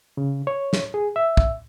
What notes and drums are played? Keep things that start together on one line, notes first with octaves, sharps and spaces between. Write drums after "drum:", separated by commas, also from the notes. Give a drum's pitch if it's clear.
C#3
C#5
drum: snare
G#4
E5
drum: kick